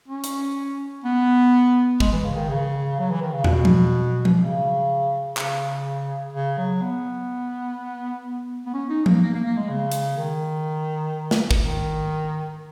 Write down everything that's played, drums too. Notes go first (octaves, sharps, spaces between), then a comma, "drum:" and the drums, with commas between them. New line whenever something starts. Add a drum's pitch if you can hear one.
C#4
drum: hi-hat
B3
G#3, drum: kick
E3
C#3
D#3
C#3
F#3
E3
D#3
C#3
B2, drum: tom
drum: tom F3
drum: tom F3
C#3
C#3, drum: clap
C#3
F#3
B3
B3
C#4
D#4
A#3, drum: tom F3
A#3
A#3
A#3
G#3
C#3
drum: hi-hat
D#3
drum: snare
drum: kick
D#3